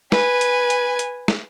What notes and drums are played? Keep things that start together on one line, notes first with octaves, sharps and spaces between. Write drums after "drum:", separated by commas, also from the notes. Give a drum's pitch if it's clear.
B4 G#5, drum: snare
drum: hi-hat
drum: hi-hat
drum: hi-hat
drum: snare